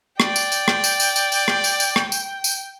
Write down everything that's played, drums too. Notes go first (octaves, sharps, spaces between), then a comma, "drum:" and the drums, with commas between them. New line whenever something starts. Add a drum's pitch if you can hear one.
D5 G5, drum: rim click
drum: tambourine
drum: tambourine
drum: rim click
drum: tambourine
drum: tambourine
drum: tambourine
drum: tambourine
drum: rim click
drum: tambourine
drum: tambourine
drum: rim click
drum: tambourine
drum: tambourine